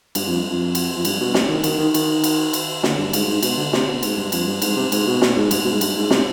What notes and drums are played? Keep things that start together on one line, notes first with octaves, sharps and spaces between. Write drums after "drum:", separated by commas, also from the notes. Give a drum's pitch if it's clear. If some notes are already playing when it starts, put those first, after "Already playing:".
G2, drum: cymbal
F2
F2
drum: cymbal
F2
G2, drum: cymbal
B2
C3, drum: snare
D#3
D#3, drum: cymbal
D#3
D#3, drum: cymbal
drum: cymbal
drum: cymbal
D3, drum: snare
G2
G#2, drum: cymbal
G#2
B2, drum: cymbal
D3
C3, drum: snare
B2
G#2, drum: cymbal
G2
F2, drum: cymbal
G2
G#2, drum: cymbal
C3
G#2, drum: cymbal
B2
B2, drum: snare
G#2
G2, drum: cymbal
B2
G#2
G2, drum: cymbal
G#2
C3, drum: snare